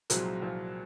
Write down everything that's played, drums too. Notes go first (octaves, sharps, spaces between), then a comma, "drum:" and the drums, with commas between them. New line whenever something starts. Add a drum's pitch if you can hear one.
C2 A#2 F3 F#3 G#3 C4, drum: hi-hat
C2 A#2 F3 G#3 C4